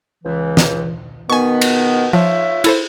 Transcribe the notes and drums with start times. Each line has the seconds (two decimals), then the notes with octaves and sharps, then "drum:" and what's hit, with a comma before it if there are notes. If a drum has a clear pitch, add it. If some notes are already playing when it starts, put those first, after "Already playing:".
0.24 C#2 E3
0.57 drum: snare
1.30 B2 D#3 B3 G#5 C#6
1.61 drum: cymbal
2.13 F3 F4 C#5 E5
2.64 E4 A4 C5, drum: cymbal